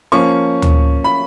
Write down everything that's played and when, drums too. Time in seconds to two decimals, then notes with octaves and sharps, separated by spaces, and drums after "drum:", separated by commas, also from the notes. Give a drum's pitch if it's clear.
0.12 F3 A#3 C#4 C#6
0.62 drum: tom D2
1.04 B5